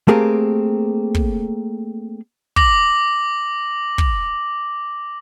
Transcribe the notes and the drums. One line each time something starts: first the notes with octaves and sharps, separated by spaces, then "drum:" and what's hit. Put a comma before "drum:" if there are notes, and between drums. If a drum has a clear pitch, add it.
A3 A#3 C4 G4 G#4 A#4
drum: kick
D6 A#6 F#7, drum: kick
drum: kick